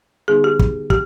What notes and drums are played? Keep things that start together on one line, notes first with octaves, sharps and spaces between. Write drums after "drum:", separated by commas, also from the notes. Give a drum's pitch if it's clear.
D3 G3 B3 D#4 G#4
G4
drum: kick
G4, drum: kick